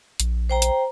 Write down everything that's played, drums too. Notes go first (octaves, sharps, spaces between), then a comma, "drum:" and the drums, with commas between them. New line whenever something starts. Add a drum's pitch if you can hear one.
A#1, drum: hi-hat
C5 G5 A#5
drum: hi-hat